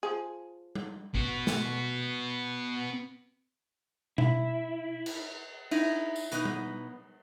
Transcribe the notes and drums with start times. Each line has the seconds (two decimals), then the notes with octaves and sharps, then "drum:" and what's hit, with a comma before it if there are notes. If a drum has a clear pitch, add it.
0.03 F3 G#4
0.75 drum: tom G3
1.15 B3 F#4, drum: kick A1
1.47 drum: snare
4.18 E4, drum: tom B2
5.06 drum: cymbal
5.71 D#4 E4, drum: cymbal
6.16 drum: tambourine
6.32 B2 B3 D#4, drum: hi-hat
6.45 drum: tom G3